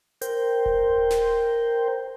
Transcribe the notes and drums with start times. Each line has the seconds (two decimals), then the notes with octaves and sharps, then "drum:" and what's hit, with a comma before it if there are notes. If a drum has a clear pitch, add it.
0.22 A#4 C5 G5, drum: hi-hat
0.66 drum: kick D#1
1.11 drum: snare